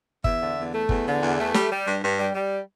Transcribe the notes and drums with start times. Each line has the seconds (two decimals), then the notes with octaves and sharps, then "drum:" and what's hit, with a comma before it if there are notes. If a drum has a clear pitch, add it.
0.24 E2 E5, drum: kick G1
0.41 D3
0.58 E2
0.73 A3
0.89 E2, drum: kick G1
1.06 D3
1.22 E2
1.39 A3
1.54 G3, drum: snare
1.71 G3
1.87 G2
2.03 G2
2.19 G3
2.35 G3